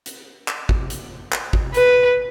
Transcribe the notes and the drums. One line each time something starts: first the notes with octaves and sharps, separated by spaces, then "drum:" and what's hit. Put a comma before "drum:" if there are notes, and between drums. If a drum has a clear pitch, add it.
drum: hi-hat
drum: clap
drum: kick G#1
drum: hi-hat
drum: clap
drum: kick G#1
B4, drum: hi-hat